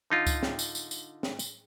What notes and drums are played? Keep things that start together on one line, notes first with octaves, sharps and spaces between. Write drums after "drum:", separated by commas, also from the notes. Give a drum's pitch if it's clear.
D3 D#4 F4
drum: kick C#2, tambourine
drum: snare
drum: tambourine
drum: tambourine
drum: tambourine
drum: snare
drum: tambourine